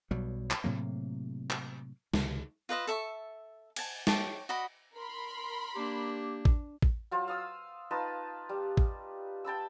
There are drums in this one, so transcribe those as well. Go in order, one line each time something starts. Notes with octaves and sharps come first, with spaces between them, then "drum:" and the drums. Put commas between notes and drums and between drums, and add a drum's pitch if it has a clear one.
B1 B2 F#3 G3
drum: clap
A2 C3 F#3 A#3
drum: clap
C#2 C3 D#3, drum: snare
F4 B4 D#5 E5
A4 E5 C#6
G#5 A5, drum: cymbal
C#5 G5 A5 D6, drum: snare
F#4 D5 D#5 B5
A#4 B5 C6
A#3 D4 G4
drum: kick A1
drum: kick A1
F#3 F4 C5
F5 D#6 E6
D#4 F4 B4 A5
G3
drum: kick A1
G5 A5 B5 E6